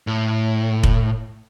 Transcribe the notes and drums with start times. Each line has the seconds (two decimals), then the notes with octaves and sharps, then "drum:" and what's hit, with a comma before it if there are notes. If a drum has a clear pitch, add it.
0.07 A2
0.83 drum: kick F1